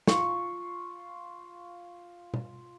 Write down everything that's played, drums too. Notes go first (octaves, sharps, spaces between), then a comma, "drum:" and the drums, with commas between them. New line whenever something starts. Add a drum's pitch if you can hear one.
F4 C#6, drum: snare
drum: tom